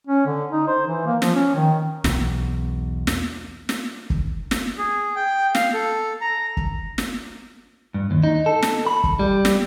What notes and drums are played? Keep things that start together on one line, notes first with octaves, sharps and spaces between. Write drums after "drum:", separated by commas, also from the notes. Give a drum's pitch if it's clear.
C#4
D3
D#4
C5
E3
A#3
F3, drum: snare
C#4
D#3
B1 E2, drum: snare
drum: snare
drum: snare
drum: kick
drum: snare
G#4
G5
F5, drum: snare
A4
A#5
drum: kick
drum: snare
G2
D#2
D#4
A4
drum: snare
B5
drum: kick
G3
drum: snare